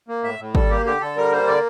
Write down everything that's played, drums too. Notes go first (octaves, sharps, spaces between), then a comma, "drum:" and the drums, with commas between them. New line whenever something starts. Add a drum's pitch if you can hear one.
A#3
A2 E5
A2
G3 A4, drum: kick G#1
A#3 G4
D3 G4
D3 A4
G3 A#4
A#3 C5
D3 D5